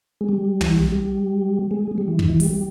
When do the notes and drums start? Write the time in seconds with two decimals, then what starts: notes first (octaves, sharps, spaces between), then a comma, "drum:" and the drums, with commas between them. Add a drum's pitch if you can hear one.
0.21 G#3
0.29 G3
0.61 E3, drum: tom
0.76 G3
0.92 G3
1.71 G#3
1.91 G#3
1.98 G3
2.08 E3
2.19 D#3, drum: kick
2.30 E3
2.40 G3, drum: open hi-hat
2.50 G3